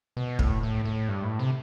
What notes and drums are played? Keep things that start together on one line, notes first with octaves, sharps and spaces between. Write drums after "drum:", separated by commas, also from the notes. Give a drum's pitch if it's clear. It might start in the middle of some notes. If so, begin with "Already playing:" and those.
B2
A2, drum: kick
A2
A2
G2
A2
C3